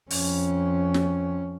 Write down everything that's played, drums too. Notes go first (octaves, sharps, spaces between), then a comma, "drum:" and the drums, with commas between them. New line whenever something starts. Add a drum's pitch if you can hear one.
F2 C#4, drum: open hi-hat
drum: snare